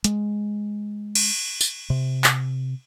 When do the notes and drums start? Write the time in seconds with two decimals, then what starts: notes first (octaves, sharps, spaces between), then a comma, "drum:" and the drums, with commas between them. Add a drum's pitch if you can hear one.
0.04 G#3, drum: hi-hat
1.15 drum: cymbal
1.61 drum: tambourine
1.90 C3
2.24 drum: clap